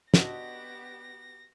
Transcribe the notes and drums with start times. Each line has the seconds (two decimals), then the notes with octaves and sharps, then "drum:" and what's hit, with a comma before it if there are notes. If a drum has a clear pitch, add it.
0.14 D3 B3 F#4 G4 A4 D#5 A#6, drum: snare